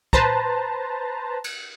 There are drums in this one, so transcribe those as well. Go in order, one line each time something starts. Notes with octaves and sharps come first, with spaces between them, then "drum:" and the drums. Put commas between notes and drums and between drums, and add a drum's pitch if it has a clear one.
B4 C5 A5 A#5, drum: kick
drum: cymbal